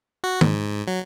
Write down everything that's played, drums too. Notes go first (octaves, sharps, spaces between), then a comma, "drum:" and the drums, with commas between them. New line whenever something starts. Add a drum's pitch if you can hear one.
F#4
G#2, drum: tom D#3
F#3